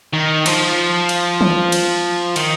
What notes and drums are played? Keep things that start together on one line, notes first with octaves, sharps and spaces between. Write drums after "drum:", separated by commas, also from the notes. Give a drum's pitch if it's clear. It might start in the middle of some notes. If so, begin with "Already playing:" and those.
D#3
F3, drum: cymbal
drum: cymbal
drum: tom D#3
drum: cymbal
D#3, drum: cymbal